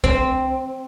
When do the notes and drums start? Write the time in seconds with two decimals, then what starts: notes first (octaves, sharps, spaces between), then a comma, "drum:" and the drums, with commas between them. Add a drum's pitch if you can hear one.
0.04 C4, drum: kick C2